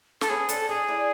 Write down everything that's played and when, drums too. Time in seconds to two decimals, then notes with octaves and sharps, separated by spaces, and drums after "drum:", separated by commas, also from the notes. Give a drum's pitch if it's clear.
0.21 A4, drum: snare
0.29 B3 C#4 G#4
0.49 C4 D4 A4, drum: hi-hat
0.69 C#4 D#4 G#4
0.88 D4 E4